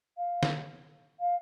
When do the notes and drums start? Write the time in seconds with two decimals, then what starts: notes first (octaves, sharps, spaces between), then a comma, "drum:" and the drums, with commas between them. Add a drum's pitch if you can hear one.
0.17 F5
0.43 drum: snare
1.20 F5